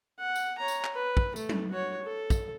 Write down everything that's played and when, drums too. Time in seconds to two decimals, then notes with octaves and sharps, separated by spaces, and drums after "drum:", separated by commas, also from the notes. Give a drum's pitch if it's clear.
0.19 F#5
0.36 drum: tambourine
0.58 C#5 A#5
0.68 drum: tambourine
0.84 drum: clap
0.95 B4
1.17 drum: kick
1.36 A3, drum: tambourine
1.49 drum: tom F#3
1.72 F#4 C#5
2.02 A4
2.30 drum: kick, tambourine